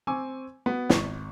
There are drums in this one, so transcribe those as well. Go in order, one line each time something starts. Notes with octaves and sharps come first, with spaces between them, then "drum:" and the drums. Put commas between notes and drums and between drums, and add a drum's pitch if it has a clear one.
C4 G#5 C#6 D6 E6
B3 F#4
G#1 C#6, drum: snare